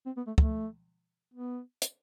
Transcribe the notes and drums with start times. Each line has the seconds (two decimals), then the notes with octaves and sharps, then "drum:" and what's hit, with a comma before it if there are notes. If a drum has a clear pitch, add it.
0.06 C4
0.17 B3
0.27 A3
0.38 A3, drum: kick
1.34 B3
1.82 drum: hi-hat